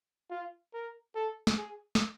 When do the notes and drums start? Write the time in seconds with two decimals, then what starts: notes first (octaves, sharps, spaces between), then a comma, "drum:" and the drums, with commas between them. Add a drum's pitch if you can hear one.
0.30 F4
0.73 A#4
1.15 A4
1.47 drum: snare
1.57 G#4
1.95 drum: snare